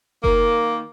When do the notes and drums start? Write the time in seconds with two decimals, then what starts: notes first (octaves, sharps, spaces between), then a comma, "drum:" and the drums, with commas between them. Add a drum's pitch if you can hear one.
0.24 D#3 A#3, drum: kick F#1